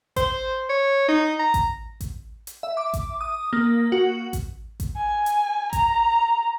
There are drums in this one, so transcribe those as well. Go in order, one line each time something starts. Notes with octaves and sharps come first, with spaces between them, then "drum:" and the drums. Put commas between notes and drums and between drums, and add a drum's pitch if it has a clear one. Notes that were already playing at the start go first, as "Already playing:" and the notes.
C5, drum: kick A1, hi-hat
C#5
D#4
A#5
drum: kick A1, hi-hat
drum: kick A1, hi-hat
drum: hi-hat
E5
D6
drum: kick A1, hi-hat
D#6
A#3
F#4
drum: kick A1, hi-hat
drum: kick A1, hi-hat
G#5
drum: hi-hat
A#5, drum: kick A1, hi-hat